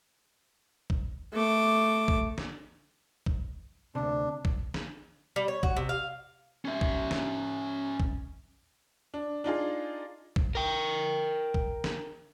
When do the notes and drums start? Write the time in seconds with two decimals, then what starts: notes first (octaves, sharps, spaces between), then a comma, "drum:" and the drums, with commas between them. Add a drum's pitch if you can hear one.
0.90 drum: kick A#1
1.33 A3 D6
2.08 drum: kick A#1
2.38 drum: snare
3.26 drum: kick A#1
3.95 D2 C3 D4
4.45 drum: kick A#1
4.74 drum: snare
5.36 G3
5.48 C#5
5.63 F#4, drum: kick A#1
5.77 C3
5.89 F5
6.65 C#4 E5
6.81 drum: kick A#1
7.11 drum: snare
8.00 drum: kick A#1
9.14 D4
9.44 D4 D#4 F4 G#4
10.36 drum: kick A#1
10.55 A#4 G5
11.54 drum: kick A#1
11.84 drum: snare